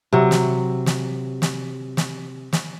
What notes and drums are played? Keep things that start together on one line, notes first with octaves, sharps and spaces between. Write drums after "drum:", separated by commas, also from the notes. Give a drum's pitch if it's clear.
C3 F#3
drum: snare
drum: snare
drum: snare
drum: snare
drum: snare